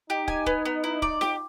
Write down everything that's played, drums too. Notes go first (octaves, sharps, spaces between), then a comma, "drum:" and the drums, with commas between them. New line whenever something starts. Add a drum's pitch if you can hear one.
D#4 G4
G#5, drum: kick
B3, drum: kick
B3
E4
D5, drum: kick
G4, drum: snare F4